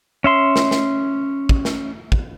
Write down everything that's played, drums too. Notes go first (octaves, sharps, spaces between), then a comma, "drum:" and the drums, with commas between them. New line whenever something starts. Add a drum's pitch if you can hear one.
C#4 E5 C6
drum: snare
drum: snare
drum: kick
drum: snare
drum: kick